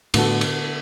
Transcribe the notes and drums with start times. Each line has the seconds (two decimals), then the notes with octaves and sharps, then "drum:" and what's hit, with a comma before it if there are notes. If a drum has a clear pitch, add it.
0.14 A2 D3 B3 F#4 A4, drum: cymbal
0.41 drum: cymbal